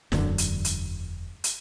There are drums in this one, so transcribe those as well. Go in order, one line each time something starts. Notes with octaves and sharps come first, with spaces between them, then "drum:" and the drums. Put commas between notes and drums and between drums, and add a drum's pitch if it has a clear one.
E1 F#2 D3, drum: snare
drum: hi-hat
drum: hi-hat
drum: hi-hat